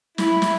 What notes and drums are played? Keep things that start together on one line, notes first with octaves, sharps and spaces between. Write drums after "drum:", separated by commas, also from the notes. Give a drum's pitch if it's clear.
E4, drum: snare
drum: snare